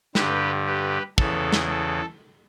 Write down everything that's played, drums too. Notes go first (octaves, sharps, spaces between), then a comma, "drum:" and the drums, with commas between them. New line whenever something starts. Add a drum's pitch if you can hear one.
G2 D3 G4 B4, drum: snare
G4 B4
E2 C#3 E3 A4, drum: kick
drum: snare
A4